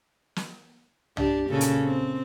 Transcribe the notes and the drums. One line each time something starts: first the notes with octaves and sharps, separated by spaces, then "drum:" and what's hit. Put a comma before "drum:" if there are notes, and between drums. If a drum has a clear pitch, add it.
drum: snare
D4 G4, drum: tom
A#2 C#3 A4
drum: hi-hat
C4